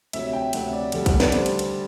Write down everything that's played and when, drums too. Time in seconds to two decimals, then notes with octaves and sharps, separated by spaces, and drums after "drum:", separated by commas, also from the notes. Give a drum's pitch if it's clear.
0.13 D2 C3 F#3 E5, drum: cymbal
0.33 G5
0.53 D2 C3 F#3 F#5, drum: cymbal
0.73 D5
0.92 D2 D3 G3 F#5, drum: cymbal
1.06 F#5, drum: kick A#1, cymbal
1.20 D5, drum: snare
1.32 D2 D3 G3 C5, drum: cymbal
1.46 drum: cymbal
1.59 drum: cymbal